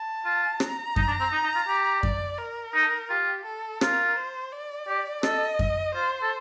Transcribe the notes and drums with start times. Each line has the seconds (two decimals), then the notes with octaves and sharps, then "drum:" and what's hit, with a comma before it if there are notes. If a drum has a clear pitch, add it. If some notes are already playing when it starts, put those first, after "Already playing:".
Already playing: A5
0.25 F4
0.60 A#5, drum: rim click
0.96 D#4, drum: kick F#2
1.08 D4
1.20 C4
1.32 D#4
1.44 D#4
1.55 F4
1.68 G4
2.03 D5, drum: kick F#2
2.39 A#4
2.74 D#4
3.10 F4 G4
3.45 A4
3.81 F4 A#4, drum: rim click
4.16 C5
4.52 D5
4.88 G4
5.23 A4 D#5, drum: rim click
5.59 drum: kick F#2
5.94 F4 C5
6.22 A4